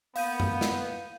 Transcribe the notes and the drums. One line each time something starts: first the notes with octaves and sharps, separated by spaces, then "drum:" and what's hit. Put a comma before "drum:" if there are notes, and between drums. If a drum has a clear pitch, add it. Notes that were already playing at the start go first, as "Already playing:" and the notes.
A#3 B3 F5 G6 D#7, drum: open hi-hat
drum: tom F#2
drum: snare